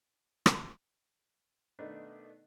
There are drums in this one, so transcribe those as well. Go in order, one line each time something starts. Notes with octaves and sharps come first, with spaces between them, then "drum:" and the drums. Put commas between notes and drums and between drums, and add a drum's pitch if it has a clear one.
drum: rim click
B2 D#3 A3 B3 D4 D#4